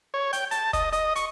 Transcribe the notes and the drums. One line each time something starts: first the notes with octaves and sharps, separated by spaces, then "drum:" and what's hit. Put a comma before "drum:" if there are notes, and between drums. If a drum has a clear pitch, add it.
C#5
G5, drum: hi-hat
A5, drum: hi-hat
D#5, drum: kick, hi-hat
D#5, drum: hi-hat
C#6, drum: hi-hat